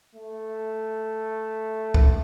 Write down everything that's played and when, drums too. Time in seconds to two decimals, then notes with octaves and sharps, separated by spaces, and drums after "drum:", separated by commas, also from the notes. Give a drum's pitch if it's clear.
0.15 A3
1.94 drum: kick